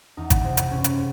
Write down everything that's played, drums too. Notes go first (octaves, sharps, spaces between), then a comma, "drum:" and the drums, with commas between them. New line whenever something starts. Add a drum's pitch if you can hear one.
E2 D#4
drum: kick G#1, hi-hat
C3 C4
drum: hi-hat
F#1 C#4
drum: hi-hat